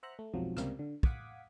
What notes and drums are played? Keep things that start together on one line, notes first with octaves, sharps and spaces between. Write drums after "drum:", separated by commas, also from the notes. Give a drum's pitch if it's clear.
C5 E5 F#5 A#5 F#6
A3
B1 F2 G#2 C3 F3 F#3
C#2 C3 G3 A#3, drum: rim click
D3
F5 F#5 D6 D#6 G#6 B6, drum: kick